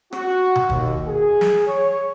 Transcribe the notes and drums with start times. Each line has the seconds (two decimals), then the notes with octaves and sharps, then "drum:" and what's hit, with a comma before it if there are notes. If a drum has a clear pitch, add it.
0.13 F#4, drum: rim click
0.55 drum: tom B2
0.70 D#2, drum: kick
1.08 G#4
1.41 drum: snare
1.67 C#5